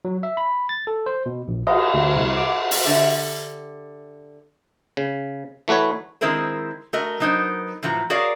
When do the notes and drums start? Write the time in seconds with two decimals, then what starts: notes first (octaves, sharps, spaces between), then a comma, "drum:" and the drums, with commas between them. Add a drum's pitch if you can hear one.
0.05 F#3
0.23 E5
0.37 B5
0.69 A6
0.87 A4
1.06 C5
1.26 B2
1.48 A#1
1.67 D#5, drum: cymbal
1.94 D2
2.16 C2
2.37 D6
2.71 drum: open hi-hat
2.85 D3 G4 E5
4.97 C#3
5.68 E3 A3 F#4 B4 C#5
6.21 D#3 G#3 C4 E4 A#4 C5
6.93 A3 F#4 A#4 D#5
7.20 F#3 B3 D#4 A#4 C5
7.83 A2 E3 F3 F#4 A#5
8.10 F#4 G#4 A#4 C#5 D5 F5